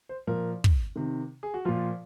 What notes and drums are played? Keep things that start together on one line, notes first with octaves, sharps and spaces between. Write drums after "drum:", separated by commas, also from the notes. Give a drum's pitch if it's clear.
C5
A#2 F3 A#4
drum: kick
C3 D#3
G#4
F#4
A#2 F3 F4